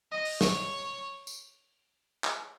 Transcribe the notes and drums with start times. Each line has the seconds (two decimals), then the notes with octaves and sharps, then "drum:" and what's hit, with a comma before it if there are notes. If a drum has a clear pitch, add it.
0.12 D#5
0.25 drum: open hi-hat
0.41 C#5, drum: snare
1.27 drum: tambourine
2.24 drum: clap